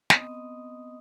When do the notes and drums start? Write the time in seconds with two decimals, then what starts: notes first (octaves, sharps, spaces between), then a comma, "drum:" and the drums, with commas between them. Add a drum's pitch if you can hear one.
0.10 B3 C4 D#5 D#6, drum: snare